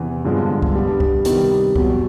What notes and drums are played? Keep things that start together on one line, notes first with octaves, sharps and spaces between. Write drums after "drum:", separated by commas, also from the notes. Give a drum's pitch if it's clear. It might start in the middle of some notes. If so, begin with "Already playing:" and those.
Already playing: E2 C3 E3
G2 D3 F3 G#3 B3
drum: kick
G3 B3 D4
drum: kick
C3 D#3 G3 B3 E4, drum: hi-hat
E2 B2 F#3, drum: kick